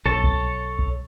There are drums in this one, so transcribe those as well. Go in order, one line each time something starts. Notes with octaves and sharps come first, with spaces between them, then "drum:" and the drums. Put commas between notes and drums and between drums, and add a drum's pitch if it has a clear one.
B1 A4 C#5 A5
drum: kick C2
drum: kick C2